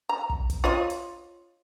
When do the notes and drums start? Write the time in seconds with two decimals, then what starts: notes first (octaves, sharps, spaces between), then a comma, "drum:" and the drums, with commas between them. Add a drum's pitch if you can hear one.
0.09 A#5
0.30 drum: kick
0.50 drum: kick, hi-hat
0.64 F4 C#5 D#5
0.90 drum: hi-hat